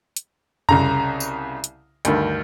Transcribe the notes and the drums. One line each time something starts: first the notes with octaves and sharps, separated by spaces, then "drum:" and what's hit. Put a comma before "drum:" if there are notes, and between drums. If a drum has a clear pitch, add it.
drum: hi-hat
C2 C#3 A#5, drum: tom F2
drum: tambourine
drum: hi-hat
D2 G2 D#3, drum: hi-hat